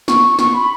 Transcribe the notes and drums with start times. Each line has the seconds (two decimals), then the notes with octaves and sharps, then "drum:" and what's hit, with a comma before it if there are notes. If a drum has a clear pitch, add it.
0.08 C#6, drum: snare
0.39 C#6, drum: snare
0.54 B5